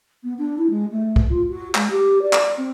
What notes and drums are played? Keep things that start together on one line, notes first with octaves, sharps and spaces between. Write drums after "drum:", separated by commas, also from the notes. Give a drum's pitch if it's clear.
B3
D4
E4
G#3
A3
drum: kick
F4
F#4
G#3, drum: clap
G4
D5
drum: clap
C4